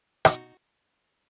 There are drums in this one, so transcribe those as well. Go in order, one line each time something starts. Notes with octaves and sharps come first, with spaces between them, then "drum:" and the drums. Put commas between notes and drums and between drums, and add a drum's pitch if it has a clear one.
B2 D#4 F#4, drum: rim click